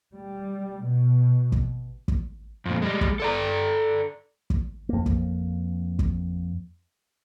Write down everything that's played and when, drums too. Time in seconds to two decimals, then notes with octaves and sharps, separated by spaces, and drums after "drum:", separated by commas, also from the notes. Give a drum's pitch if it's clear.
0.16 G3
0.86 B2
1.52 drum: kick
2.08 drum: kick
2.66 F2 A#2
2.82 G3 G#3
3.01 drum: kick
3.20 A4 D5 A#5
4.50 drum: kick
4.89 F2 A#3
5.06 drum: kick
5.99 drum: kick